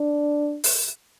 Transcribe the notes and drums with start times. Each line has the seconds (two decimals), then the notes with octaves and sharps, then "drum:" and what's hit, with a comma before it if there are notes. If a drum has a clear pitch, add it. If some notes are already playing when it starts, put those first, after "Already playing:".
Already playing: D4
0.64 drum: open hi-hat